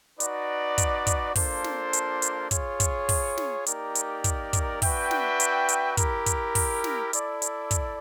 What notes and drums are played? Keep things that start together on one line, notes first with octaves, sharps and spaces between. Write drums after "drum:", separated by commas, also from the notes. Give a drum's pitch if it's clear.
D#4 F#4 B4 D5, drum: hi-hat
drum: kick, hi-hat
drum: kick, hi-hat
A#3 D4 F4 A4 C5, drum: kick, open hi-hat
drum: snare
drum: hi-hat
drum: hi-hat
F4 G#4 C#5, drum: kick, hi-hat
drum: kick, hi-hat
drum: kick, open hi-hat
drum: snare
A#3 D#4 G4 A#4 D5, drum: hi-hat
drum: hi-hat
drum: kick, hi-hat
drum: kick, hi-hat
D4 F#4 B4 E5 G5, drum: kick, open hi-hat
drum: snare
drum: hi-hat
drum: hi-hat
E4 G4 A#4, drum: kick, hi-hat
drum: kick, hi-hat
drum: kick, open hi-hat
drum: snare
E4 A4 D5, drum: hi-hat
drum: hi-hat
drum: kick, hi-hat